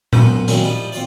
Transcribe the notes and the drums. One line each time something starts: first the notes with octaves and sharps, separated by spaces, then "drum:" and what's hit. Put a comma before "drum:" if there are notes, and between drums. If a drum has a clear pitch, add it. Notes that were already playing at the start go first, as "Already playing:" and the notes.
C2 F#2 B3 B4 C5, drum: tom A#2
D#3 F#3 G3 A#3 C4 C#4, drum: hi-hat
F3 G3 D#4 E4
C4 F4 C#5 D5